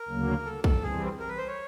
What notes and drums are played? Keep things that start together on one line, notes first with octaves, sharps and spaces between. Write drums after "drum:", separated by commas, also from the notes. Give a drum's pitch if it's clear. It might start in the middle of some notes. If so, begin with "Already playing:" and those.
Already playing: A#4
D2 C#3 F#3 A#3
A4
A4, drum: kick
E3 G3 C4 G#4
A#4
B4
C5
C#5